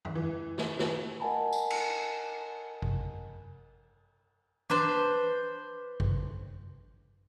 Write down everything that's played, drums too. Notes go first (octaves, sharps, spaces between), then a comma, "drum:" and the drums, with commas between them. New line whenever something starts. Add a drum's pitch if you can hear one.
drum: tom F2
E3
drum: snare
drum: snare
A#4 D#5 F#5 G#5 A5 B5
drum: tambourine
drum: cymbal
drum: kick
D4 B4 C5, drum: tom E3
drum: kick